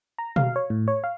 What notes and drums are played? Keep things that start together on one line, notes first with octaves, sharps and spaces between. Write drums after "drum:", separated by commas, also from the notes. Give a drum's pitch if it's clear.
A#5
F5, drum: tom B2
C#5
A2
C#5
F5